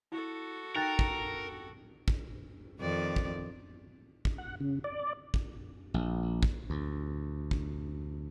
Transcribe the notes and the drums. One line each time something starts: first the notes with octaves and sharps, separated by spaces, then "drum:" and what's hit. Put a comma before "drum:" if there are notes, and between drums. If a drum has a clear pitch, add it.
E4 F#4 A4
D#4 A#4 G5 F#6 A6
drum: kick
drum: kick
F2 D#3 D5
drum: kick
drum: kick
F#5
C#3
D5
drum: kick
A#1
drum: kick
D2
drum: kick